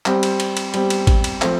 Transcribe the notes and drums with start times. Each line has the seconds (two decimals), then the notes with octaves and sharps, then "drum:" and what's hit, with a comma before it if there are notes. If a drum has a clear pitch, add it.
0.06 G3 C4 G4, drum: clap
0.23 drum: cymbal
0.40 drum: cymbal
0.57 drum: cymbal
0.74 G3 C4 G4, drum: cymbal
0.90 drum: cymbal
1.07 drum: kick G#1, cymbal
1.24 drum: cymbal
1.42 F3 A3 C4, drum: clap